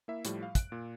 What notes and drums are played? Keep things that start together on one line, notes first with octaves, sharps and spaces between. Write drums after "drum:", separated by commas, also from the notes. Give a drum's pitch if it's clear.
A#3 E4 E5
A2 F3 G3, drum: hi-hat
F5
F#6 D7, drum: kick, hi-hat
A#2